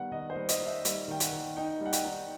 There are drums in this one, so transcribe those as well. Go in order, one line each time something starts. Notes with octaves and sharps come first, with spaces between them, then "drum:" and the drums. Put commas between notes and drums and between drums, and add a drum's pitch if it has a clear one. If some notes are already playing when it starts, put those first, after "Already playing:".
Already playing: D#3 G3 B3 F#5
D#3 D#5
C5
G3
D#5, drum: hi-hat
D#4
E5
G3, drum: hi-hat
D#3 G5
F#5, drum: hi-hat
D#3
D#4 G5
G3 F#5
G5, drum: hi-hat
D#4